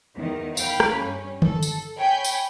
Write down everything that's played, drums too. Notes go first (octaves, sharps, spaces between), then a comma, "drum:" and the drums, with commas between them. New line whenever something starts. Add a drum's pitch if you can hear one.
E2 D#3
F5 G5 B5, drum: tambourine
drum: rim click
G2 C#4
A4, drum: tom D3
drum: tambourine
C#5 G5 G#5 B5 G6
drum: tambourine